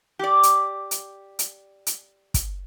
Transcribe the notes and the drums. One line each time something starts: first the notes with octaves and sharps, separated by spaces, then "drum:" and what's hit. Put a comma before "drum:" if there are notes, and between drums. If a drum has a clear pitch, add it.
G4 D5
drum: hi-hat
drum: hi-hat
drum: hi-hat
drum: hi-hat
drum: kick, hi-hat